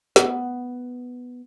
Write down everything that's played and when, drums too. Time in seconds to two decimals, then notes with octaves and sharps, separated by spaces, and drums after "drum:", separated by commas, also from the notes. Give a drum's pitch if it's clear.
0.16 B3, drum: snare